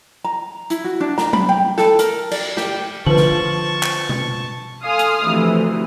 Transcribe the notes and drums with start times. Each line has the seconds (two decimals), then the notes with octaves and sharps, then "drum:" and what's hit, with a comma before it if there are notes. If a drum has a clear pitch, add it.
0.24 A#5
0.70 E4, drum: hi-hat
0.84 F#4
1.01 D4
1.18 A#5, drum: snare
1.33 B5, drum: tom F#3
1.49 G5
1.78 A4, drum: snare
1.99 A#4, drum: hi-hat
2.31 D5, drum: cymbal
2.57 G4, drum: snare
3.06 D3 F3 B4 A5 C#6 F#7
3.17 drum: snare
3.83 drum: clap
4.09 drum: tom B2
4.83 A4 F5 G#5 C6 D#6 F6
4.99 drum: hi-hat
5.26 D2 C3 E3 F3